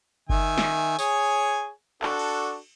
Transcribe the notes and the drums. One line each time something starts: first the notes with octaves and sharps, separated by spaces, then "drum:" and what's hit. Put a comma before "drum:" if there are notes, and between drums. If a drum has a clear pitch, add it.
D#3 E5 G#5, drum: kick F#1
drum: snare
G#4 C#5 G#5, drum: tambourine
D4 F#4 A4, drum: clap
drum: cymbal